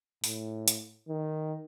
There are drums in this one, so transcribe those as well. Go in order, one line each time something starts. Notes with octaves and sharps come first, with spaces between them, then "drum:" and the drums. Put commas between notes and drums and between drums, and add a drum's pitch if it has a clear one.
A2, drum: open hi-hat
drum: hi-hat
D#3